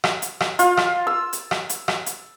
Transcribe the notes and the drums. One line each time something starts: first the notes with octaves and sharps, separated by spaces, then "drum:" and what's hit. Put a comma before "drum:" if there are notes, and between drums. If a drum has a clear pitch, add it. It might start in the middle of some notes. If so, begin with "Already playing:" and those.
drum: rim click
drum: hi-hat
drum: rim click
F4, drum: hi-hat
drum: rim click
E6
drum: hi-hat
drum: rim click
drum: hi-hat
drum: rim click
drum: hi-hat